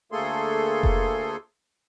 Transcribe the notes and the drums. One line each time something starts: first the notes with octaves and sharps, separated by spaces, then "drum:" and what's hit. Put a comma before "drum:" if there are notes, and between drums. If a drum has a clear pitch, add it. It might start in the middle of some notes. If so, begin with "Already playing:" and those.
D2 A3 A#3 G#4 A4 C6
drum: kick F1